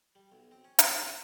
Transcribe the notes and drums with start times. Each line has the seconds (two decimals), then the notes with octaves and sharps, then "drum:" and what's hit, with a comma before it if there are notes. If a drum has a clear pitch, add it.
0.15 G3
0.32 B1
0.51 C4
0.64 C#4
0.79 D#2, drum: hi-hat
0.95 G#4
1.07 G#5